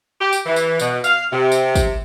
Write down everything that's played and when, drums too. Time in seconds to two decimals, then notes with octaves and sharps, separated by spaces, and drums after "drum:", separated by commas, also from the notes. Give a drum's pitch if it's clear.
0.20 G4
0.33 drum: tambourine
0.46 E3
0.56 drum: tambourine
0.80 B2, drum: tambourine
1.04 F5, drum: tambourine
1.32 C3
1.52 drum: tambourine
1.75 drum: kick G#1, tambourine